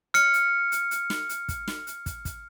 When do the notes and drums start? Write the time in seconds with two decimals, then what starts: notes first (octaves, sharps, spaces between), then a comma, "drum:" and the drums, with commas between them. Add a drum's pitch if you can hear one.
0.14 F6 C#7, drum: hi-hat
0.33 drum: hi-hat
0.72 drum: hi-hat
0.91 drum: hi-hat
1.10 drum: snare
1.29 drum: hi-hat
1.48 drum: kick, hi-hat
1.68 drum: snare
1.87 drum: hi-hat
2.06 drum: kick, hi-hat
2.25 drum: kick, hi-hat